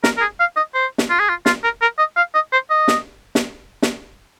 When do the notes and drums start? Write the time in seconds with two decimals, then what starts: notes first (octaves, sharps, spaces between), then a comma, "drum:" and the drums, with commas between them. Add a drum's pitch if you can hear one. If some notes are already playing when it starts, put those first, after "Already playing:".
0.04 A#4, drum: snare
0.17 A#4
0.21 G#4
0.40 F5
0.57 D#5
0.75 C5
0.98 drum: snare
1.10 F4
1.20 G#4
1.29 F4
1.46 F4, drum: snare
1.64 A#4
1.82 A#4
1.99 D#5
2.17 F5
2.34 D#5
2.52 C5
2.70 D#5
2.88 drum: snare
3.35 drum: snare
3.82 drum: snare